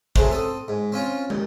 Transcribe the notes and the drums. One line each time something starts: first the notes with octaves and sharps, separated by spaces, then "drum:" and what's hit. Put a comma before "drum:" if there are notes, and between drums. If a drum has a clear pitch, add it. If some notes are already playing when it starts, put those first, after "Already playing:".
F#3 G#3 A3 C5, drum: kick
C4 A4 D#6
G#2
C4 C#4 F4
D#2, drum: tom